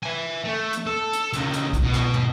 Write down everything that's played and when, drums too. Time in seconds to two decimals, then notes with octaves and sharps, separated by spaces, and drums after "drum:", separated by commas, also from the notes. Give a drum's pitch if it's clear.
0.03 E5 G#5
0.45 A3
0.73 drum: hi-hat
0.87 A4
1.13 drum: hi-hat
1.33 C#2 D#3, drum: hi-hat
1.53 drum: hi-hat
1.73 drum: kick C2, hi-hat
1.83 B2
1.94 drum: snare
2.14 drum: tom